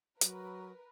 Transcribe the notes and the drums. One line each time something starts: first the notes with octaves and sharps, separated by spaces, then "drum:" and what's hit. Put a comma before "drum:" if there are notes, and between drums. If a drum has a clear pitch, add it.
F#3 A#4 B4, drum: hi-hat